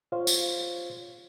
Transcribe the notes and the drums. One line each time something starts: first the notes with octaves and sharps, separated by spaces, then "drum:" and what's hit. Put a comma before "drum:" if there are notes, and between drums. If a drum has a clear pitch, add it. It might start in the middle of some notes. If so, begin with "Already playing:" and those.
F4 C5 C#5 F5
drum: tambourine